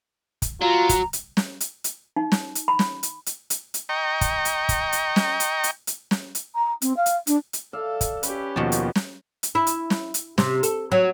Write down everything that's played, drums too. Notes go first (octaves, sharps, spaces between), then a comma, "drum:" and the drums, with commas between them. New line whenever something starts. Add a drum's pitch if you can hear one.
drum: kick, hi-hat
F#3 F4 A#5
drum: kick, hi-hat
drum: hi-hat
drum: snare
drum: hi-hat
drum: hi-hat
D#4
drum: snare
drum: hi-hat
B5
drum: snare
drum: hi-hat
drum: hi-hat
drum: hi-hat
drum: hi-hat
D#5 G5 A#5 C#6
drum: kick, hi-hat
drum: hi-hat
drum: kick, hi-hat
drum: hi-hat
drum: snare
drum: hi-hat
drum: hi-hat
drum: hi-hat
drum: snare
drum: hi-hat
A#5
C4, drum: hi-hat
F5
drum: hi-hat
D4, drum: hi-hat
drum: hi-hat
A4 D5 E5 F5
drum: kick, hi-hat
C#4 G4 B4, drum: hi-hat
D#2 B2 D#3 F3 A5
drum: hi-hat
drum: snare
drum: hi-hat
E4
drum: hi-hat
drum: snare
drum: hi-hat
C3, drum: snare
A4, drum: hi-hat
F#3